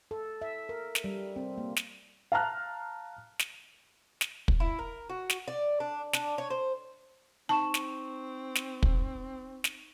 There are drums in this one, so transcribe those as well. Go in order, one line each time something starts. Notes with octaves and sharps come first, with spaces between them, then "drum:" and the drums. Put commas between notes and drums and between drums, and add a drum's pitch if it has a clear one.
A4
E5
A#4
drum: snare
G3
C4
A#3
drum: snare
F5 A5 A#5 F6 F#6
drum: snare
drum: snare
drum: kick
E4
A#4
F#4
drum: snare
D5
D4
D4, drum: snare
C#5
C5
C4 D#4 A5 C#6 E7
drum: snare
drum: snare
drum: kick
drum: snare